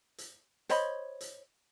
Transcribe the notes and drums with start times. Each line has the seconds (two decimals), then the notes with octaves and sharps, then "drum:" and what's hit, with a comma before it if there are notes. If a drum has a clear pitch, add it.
0.18 drum: hi-hat
0.69 C5 C#5 D#5 B5, drum: hi-hat
1.21 drum: hi-hat